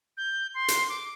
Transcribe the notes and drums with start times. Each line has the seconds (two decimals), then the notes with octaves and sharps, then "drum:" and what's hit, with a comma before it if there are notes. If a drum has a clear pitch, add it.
0.17 G6
0.55 C6
0.68 drum: hi-hat
0.89 D6